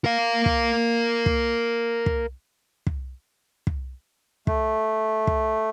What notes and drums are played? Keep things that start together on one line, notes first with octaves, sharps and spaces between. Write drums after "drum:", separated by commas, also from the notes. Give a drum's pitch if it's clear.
A#4 F5
drum: kick
drum: kick
drum: kick
drum: kick
drum: kick
A3, drum: kick
drum: kick